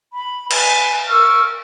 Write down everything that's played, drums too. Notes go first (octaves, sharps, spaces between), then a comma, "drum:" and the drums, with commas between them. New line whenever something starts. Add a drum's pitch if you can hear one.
B5
B4 G#5, drum: cymbal
A#4 C#6 E6 F6